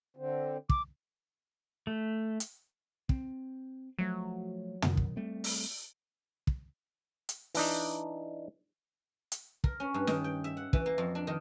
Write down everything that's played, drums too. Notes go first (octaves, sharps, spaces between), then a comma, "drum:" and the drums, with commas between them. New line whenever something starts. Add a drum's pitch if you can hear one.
D3 C4
D6, drum: kick
A3
drum: hi-hat
C4, drum: kick
F3 F#3 A3
B2 D#3, drum: tom
drum: kick
G3 A3 C4
drum: open hi-hat
drum: kick
drum: hi-hat
E3 D4 D#4, drum: open hi-hat
drum: hi-hat
A#4, drum: kick
C#4
G2
D#3, drum: snare
G5
E5
F#5
E3, drum: kick
A#3
F2
D4
D#3